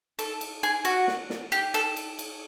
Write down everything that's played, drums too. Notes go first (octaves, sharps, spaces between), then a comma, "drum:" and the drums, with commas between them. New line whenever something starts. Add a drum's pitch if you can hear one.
A4, drum: cymbal
drum: cymbal
G#4, drum: cymbal
F#4, drum: cymbal
drum: snare
drum: snare
G4, drum: cymbal
A4, drum: cymbal
drum: cymbal
drum: cymbal